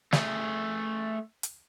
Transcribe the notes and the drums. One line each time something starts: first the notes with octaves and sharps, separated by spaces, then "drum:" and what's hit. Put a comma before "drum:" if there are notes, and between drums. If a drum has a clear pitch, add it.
A3 G#4, drum: snare
drum: hi-hat